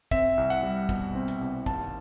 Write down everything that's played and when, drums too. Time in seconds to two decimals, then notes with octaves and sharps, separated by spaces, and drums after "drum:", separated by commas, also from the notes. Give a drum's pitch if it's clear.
0.11 C4 E5, drum: kick, hi-hat
0.38 C2
0.50 F#5, drum: hi-hat
0.63 G3
0.89 B2, drum: kick, hi-hat
1.15 C4
1.28 drum: hi-hat
1.41 C2
1.66 D#2 A5, drum: kick, hi-hat